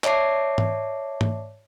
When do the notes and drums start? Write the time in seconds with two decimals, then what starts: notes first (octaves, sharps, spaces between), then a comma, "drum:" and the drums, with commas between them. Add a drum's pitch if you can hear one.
0.04 C#5 D5 E5 A5 D6 C7, drum: clap
0.58 drum: tom G#2
1.21 drum: tom G#2